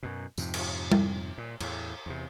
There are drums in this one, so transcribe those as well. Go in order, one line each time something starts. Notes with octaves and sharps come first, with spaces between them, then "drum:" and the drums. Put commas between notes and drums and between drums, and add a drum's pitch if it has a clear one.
F#2 B2
F2 G#2 C3, drum: tambourine
drum: cymbal
drum: tom G3
A#2
E2 A2, drum: cymbal
E2 C3